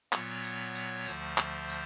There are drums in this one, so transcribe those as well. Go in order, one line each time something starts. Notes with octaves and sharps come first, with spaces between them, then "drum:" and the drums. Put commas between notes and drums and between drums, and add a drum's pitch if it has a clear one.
A#2 F#3 B3 C#5, drum: clap
drum: tambourine
drum: tambourine
D2 D3 F3 A3 C5, drum: tambourine
drum: clap
drum: tambourine